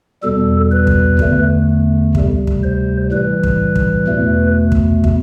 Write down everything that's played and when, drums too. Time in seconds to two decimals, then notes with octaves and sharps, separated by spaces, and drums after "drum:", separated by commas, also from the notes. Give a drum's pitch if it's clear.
0.23 E2 B2 G3 A4
0.71 B4
0.87 drum: kick
1.19 E2 D3 A3, drum: kick
2.15 D2 C3 G3, drum: kick
2.47 drum: kick
2.63 C5
3.12 A2 E3 G3 B4
3.43 drum: kick
3.76 drum: kick
4.08 E2 B2 A3
4.72 drum: kick
5.04 drum: kick